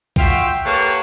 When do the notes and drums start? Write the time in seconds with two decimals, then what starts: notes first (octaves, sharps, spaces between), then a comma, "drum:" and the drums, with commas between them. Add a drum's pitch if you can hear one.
0.16 F4 F#4 E5 G5, drum: kick B1
0.64 A#3 G4 A4 B4 C#5 F#5